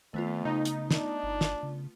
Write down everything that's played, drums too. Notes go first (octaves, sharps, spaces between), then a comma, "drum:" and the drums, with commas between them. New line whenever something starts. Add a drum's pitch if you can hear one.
F2 D#3 A3 B3 F4
C#3 D#4
drum: hi-hat
D4, drum: snare
G1
drum: snare
C#3